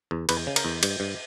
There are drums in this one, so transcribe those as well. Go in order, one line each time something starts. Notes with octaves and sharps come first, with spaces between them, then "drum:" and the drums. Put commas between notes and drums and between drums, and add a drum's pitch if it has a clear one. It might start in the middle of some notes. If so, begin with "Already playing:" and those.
E2
E2 B4, drum: cymbal
C#3
A#4, drum: cymbal
E2
G2, drum: cymbal
G2